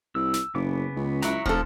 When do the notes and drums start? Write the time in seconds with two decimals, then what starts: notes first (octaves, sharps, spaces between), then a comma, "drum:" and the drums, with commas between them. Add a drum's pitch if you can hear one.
0.15 C2 E6
0.34 drum: snare
0.55 F#1 C#3 B3 D6
0.96 C#2
1.22 F#3 E4 A#5 C#6, drum: snare
1.46 F1 F3 A4, drum: kick